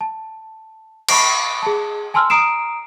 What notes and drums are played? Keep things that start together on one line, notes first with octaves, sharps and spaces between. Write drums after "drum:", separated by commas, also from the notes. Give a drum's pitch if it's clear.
A5
B5 C#6 D7, drum: cymbal
G#4 A5
G#5 A5 C6 E6 F6
A#5 D#6 C7 D7 E7